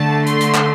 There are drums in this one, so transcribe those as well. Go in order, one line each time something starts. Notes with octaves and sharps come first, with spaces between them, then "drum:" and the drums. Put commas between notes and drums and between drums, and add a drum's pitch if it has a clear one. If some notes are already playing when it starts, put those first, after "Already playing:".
Already playing: D3 A3 A5
C6, drum: hi-hat
drum: hi-hat
drum: clap